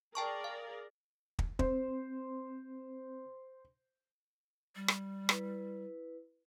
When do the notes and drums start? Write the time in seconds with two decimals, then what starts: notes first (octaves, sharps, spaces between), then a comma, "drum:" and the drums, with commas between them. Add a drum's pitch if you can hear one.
0.15 G#4 A#4 D5 G5 A5 C#6
0.44 F5
1.39 drum: kick
1.59 C4 C5, drum: kick
4.76 G3
4.88 drum: rim click
5.29 E4 B4, drum: rim click